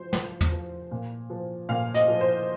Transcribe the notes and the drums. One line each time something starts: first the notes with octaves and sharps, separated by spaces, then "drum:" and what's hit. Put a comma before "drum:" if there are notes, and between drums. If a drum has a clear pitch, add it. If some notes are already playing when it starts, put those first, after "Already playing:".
Already playing: F3 C5
F3, drum: snare
drum: tom
F3
A#2
F3
A#2 F5
D#5, drum: hi-hat
F3
C5